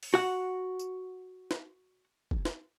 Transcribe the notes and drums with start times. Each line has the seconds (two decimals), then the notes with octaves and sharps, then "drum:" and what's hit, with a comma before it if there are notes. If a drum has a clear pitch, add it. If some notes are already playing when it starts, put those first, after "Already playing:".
0.03 drum: open hi-hat
0.14 F#4 F#5
0.79 drum: tambourine
1.51 drum: snare
2.31 drum: kick F#1
2.45 drum: snare